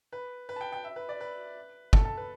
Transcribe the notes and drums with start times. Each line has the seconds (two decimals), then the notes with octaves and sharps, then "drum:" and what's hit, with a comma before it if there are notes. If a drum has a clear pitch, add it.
0.12 B4
0.49 B4
0.56 A5
0.61 G5
0.72 G5
0.84 E5
0.96 B4
1.09 D5
1.21 B4
1.93 A4, drum: kick
2.05 A4
2.17 B4